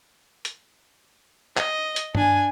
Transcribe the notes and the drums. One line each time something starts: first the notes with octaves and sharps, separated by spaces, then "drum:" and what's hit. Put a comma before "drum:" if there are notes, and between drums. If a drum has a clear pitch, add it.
drum: hi-hat
D#5, drum: clap
drum: hi-hat
D4 G#5, drum: tom G2